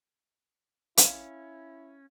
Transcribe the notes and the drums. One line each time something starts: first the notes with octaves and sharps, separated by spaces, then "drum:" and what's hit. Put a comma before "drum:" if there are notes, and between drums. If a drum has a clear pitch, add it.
C#4 E4 F5, drum: hi-hat